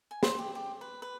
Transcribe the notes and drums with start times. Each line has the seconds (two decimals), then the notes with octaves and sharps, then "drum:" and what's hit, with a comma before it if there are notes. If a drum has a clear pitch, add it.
0.11 G#5
0.23 C5, drum: snare
0.39 G4
0.55 G4
0.81 B4
1.02 B4